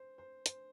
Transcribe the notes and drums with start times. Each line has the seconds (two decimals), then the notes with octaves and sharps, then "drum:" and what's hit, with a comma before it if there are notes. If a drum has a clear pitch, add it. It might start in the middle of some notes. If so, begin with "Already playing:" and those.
Already playing: C5
0.18 C5
0.46 C5, drum: hi-hat